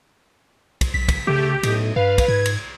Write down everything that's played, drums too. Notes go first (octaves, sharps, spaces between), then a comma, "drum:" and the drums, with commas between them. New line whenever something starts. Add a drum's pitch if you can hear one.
drum: kick, cymbal
B1 B6
drum: kick, cymbal
D2 C#3 A3 G4
B1 A2 A3 D#5, drum: cymbal
G2 B4 F5
drum: kick, cymbal
G#2 G#6
drum: cymbal